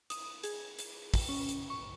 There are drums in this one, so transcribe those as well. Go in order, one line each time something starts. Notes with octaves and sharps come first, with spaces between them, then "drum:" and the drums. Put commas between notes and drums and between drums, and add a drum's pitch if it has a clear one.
D#6, drum: hi-hat
G#4, drum: hi-hat
drum: hi-hat
drum: kick, open hi-hat
C#4
drum: hi-hat
C#6